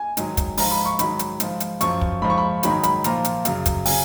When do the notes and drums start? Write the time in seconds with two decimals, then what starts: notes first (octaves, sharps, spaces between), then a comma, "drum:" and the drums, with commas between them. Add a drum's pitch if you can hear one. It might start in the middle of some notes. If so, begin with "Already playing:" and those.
Already playing: G#5
0.17 G#2 D#3 F#3, drum: hi-hat
0.37 drum: kick, hi-hat
0.57 G#2 F3 A#5, drum: open hi-hat
0.71 B5
0.86 C#6
0.99 G#2 D#3 F#3 B5, drum: hi-hat
1.19 drum: hi-hat
1.40 G#2 F3, drum: hi-hat
1.60 drum: hi-hat
1.81 F#2 F3 C#6, drum: hi-hat
2.01 drum: kick
2.22 G#2 F3 B5
2.30 C#6
2.38 B5
2.63 G#2 D#3 F#3 B5, drum: hi-hat
2.83 B5, drum: hi-hat
3.04 A#2 F3 A#5, drum: hi-hat
3.25 drum: hi-hat
3.45 F#2 C#3 F#3, drum: hi-hat
3.66 drum: kick, hi-hat
3.86 C#3 F#3 G#5, drum: open hi-hat